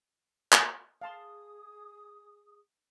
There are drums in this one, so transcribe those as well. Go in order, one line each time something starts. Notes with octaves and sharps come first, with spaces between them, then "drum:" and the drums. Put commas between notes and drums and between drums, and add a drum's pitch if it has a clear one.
drum: clap
G#4 F5 A5 C6 D#6